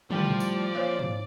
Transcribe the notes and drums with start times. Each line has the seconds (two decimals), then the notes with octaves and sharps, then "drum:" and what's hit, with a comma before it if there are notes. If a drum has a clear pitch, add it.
0.11 A2 F3 G3 G4 D5, drum: tom
0.25 drum: tom A2
0.40 drum: tambourine
0.75 F2 A#2 C5 C#5 F5
0.99 drum: tom G#2